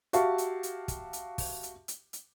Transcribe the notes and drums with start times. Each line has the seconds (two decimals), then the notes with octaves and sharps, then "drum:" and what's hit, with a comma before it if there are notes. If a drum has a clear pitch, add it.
0.13 F#4 G4 E5 F5 A5 C#6, drum: hi-hat
0.38 drum: hi-hat
0.63 drum: hi-hat
0.88 drum: kick, hi-hat
1.13 drum: hi-hat
1.38 drum: kick, open hi-hat
1.63 drum: hi-hat
1.88 drum: hi-hat
2.13 drum: hi-hat